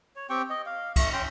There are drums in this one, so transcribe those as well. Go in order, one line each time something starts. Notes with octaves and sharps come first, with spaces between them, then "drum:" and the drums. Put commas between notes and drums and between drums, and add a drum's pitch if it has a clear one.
C#5
C4 G4 G5 C#6
D#5
F5
A3, drum: kick, cymbal
C#4 G5 C6